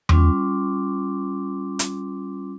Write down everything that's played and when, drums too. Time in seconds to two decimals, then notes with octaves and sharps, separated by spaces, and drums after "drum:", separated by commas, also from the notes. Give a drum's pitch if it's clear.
0.09 G3 C#4 F4 C6 D6, drum: tom E2
1.79 drum: hi-hat